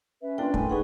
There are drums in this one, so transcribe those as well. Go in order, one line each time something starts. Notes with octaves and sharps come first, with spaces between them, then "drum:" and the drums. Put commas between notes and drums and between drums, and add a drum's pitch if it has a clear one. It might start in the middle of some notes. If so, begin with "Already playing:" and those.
C#4 B4 E5
A#3 D4 F4 G5 C6
A2 G#5, drum: kick
D#4 G#4 B4 F#5 C#6